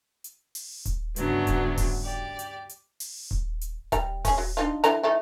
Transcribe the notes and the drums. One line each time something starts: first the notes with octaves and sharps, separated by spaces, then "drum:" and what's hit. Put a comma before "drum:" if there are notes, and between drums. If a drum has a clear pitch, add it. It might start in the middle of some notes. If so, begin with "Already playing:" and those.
drum: hi-hat
drum: open hi-hat
drum: kick D#1, hi-hat
D2 G2 C#3 F#3 B3 D4, drum: hi-hat
drum: kick D#1, hi-hat
drum: kick D#1, open hi-hat
G4 D5
drum: hi-hat
drum: hi-hat
drum: open hi-hat
drum: kick D#1
drum: hi-hat
G3 A#5, drum: kick D#1, hi-hat
C#4 G#4, drum: kick D#1, open hi-hat
F#3
D4 D#4 F4
D3 E3 A#5, drum: hi-hat
E3 A3 D#4